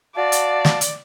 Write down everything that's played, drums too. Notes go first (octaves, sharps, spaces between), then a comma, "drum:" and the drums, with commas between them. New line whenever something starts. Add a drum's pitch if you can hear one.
F#4 D5 F5 A5
drum: hi-hat
drum: snare
drum: hi-hat